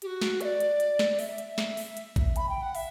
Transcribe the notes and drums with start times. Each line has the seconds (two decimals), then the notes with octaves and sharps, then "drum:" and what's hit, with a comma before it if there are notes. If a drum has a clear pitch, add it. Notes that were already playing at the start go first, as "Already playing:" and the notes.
0.02 G4, drum: hi-hat
0.06 F#4
0.21 drum: snare
0.41 E5, drum: hi-hat
0.44 D5
0.60 drum: hi-hat
0.80 drum: hi-hat
0.99 drum: snare
1.19 E5, drum: open hi-hat
1.38 drum: hi-hat
1.58 drum: snare
1.77 drum: open hi-hat
1.97 drum: hi-hat
2.16 drum: kick, hi-hat
2.36 B5, drum: hi-hat
2.48 G5
2.61 F#5
2.75 E5, drum: open hi-hat